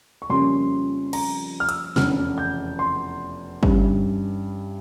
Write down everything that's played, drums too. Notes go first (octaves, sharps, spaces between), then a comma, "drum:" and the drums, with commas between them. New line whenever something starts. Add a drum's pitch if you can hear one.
C#6
F2 C#3 G3 A#3 C#4 C6
A#5, drum: cymbal
F6
E6, drum: hi-hat
F1 E2 C#3 F6, drum: snare
G6
C6
G2 E3 G3 C#4, drum: kick